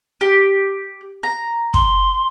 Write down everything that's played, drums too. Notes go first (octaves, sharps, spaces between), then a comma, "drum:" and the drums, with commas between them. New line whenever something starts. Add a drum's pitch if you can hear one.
G4
A#5
C6, drum: kick